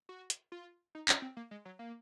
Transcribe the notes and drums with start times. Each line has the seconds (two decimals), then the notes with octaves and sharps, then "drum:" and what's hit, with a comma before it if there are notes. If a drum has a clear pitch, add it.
0.09 F#4
0.30 drum: hi-hat
0.52 F4
0.95 D#4
1.09 C#4, drum: clap
1.22 C4
1.37 A#3
1.51 G#3
1.65 F#3
1.79 A#3